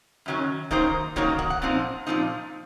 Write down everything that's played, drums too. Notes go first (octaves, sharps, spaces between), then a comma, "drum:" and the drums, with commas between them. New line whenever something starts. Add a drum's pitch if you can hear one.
F#2 D#3 F#3 C#4
D#3 F#3 A#3 D#4 C5, drum: kick
D#3 F#3 A#3 D#4 C#5, drum: kick
F#5, drum: kick
F#5
A#2 F3 C4 D#4
A#2 F3 C4 D#4